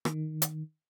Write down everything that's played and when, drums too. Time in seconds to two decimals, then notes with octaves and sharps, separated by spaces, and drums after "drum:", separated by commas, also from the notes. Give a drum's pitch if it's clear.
0.05 D#3, drum: rim click
0.42 drum: hi-hat